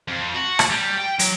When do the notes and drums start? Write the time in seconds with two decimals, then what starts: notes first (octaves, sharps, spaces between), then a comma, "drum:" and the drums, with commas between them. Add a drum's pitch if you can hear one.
0.08 F2
0.34 F#4
0.59 drum: rim click
0.70 G3
0.97 G5
1.19 F#3, drum: hi-hat